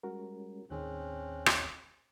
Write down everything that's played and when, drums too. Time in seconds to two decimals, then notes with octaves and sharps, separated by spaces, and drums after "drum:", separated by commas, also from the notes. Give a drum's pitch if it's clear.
0.03 G3 G#3 C#4 F#4 A#4
0.70 D#2 A2 D#3 C4 C#4 G#4 F#6
1.46 drum: rim click